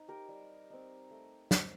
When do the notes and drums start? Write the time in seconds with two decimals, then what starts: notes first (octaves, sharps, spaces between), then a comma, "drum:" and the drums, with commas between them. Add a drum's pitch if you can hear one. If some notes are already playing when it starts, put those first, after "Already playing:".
Already playing: C4 D#4
0.08 G4 A#4
0.28 G3
0.70 C4 D#4
1.11 A3
1.51 C4 D#4, drum: snare